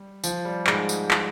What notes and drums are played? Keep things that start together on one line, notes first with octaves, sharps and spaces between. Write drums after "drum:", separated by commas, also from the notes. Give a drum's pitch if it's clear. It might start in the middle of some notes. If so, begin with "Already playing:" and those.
Already playing: G3
F3, drum: tambourine
G3
G#2 G#3, drum: clap
drum: tambourine
drum: clap